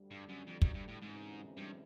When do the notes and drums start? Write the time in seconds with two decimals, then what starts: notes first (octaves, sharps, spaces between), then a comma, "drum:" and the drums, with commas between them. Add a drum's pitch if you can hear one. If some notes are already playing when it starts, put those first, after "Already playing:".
Already playing: D2 D3 G3
0.11 G2
0.29 F#2
0.48 F2
0.62 F#2, drum: kick
0.75 G2
0.89 A2
1.02 D2 G#2 C3 E3 G#3 C#4
1.57 G2